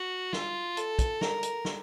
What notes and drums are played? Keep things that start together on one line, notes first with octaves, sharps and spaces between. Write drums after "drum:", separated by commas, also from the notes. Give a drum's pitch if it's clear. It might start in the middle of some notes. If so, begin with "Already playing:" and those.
Already playing: F#4
F4, drum: snare
A4, drum: hi-hat
drum: kick, hi-hat
A#4, drum: snare
drum: hi-hat
drum: snare